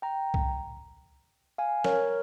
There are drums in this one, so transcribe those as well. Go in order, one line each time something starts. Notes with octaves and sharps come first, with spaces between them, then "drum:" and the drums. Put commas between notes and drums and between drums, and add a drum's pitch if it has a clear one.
G5 A#5
drum: kick C2
F5 G#5
A#4 C#5, drum: snare